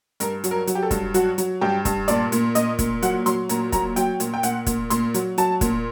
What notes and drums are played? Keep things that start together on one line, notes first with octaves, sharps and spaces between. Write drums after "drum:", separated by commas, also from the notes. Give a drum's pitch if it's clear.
G2 A#4, drum: hi-hat
F#3, drum: hi-hat
A#4
F#3, drum: hi-hat
G4
A4
G2, drum: kick, hi-hat
F#3 F#4, drum: hi-hat
F#3, drum: hi-hat
G2 G4
G2, drum: kick, hi-hat
A#2 D5, drum: hi-hat
A#2, drum: hi-hat
A#2 D#5, drum: hi-hat
A#2, drum: kick, hi-hat
F#3 F#5, drum: hi-hat
F#3 C6, drum: hi-hat
A#2 A#5, drum: hi-hat
F#3 A#5, drum: kick, hi-hat
F#3 G5, drum: hi-hat
A#2, drum: hi-hat
G5
A#2 F#5, drum: hi-hat
A#2, drum: kick, hi-hat
A#2 C6, drum: hi-hat
F#3, drum: hi-hat
F#3 A5, drum: hi-hat
A#2, drum: kick, hi-hat